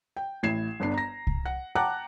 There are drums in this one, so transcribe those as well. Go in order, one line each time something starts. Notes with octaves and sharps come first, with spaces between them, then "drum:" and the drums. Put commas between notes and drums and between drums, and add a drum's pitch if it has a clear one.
G5
A1 E4 G#6 C7 E7
G1 B3 D4 C7
A#5 A#6
drum: kick C2
F#5
F#5 G5 A5 A#5 D6 F#6